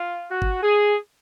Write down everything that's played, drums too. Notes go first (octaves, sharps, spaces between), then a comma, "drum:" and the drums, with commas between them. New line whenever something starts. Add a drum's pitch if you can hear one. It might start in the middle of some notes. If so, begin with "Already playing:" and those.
Already playing: F4
F#4
drum: kick G1
G#4